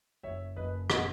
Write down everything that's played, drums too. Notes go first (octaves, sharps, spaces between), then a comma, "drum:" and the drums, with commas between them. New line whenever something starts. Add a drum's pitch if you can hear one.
F#1 C#5 E5
F#1 B4 D#5
B2 D#5 F#5, drum: rim click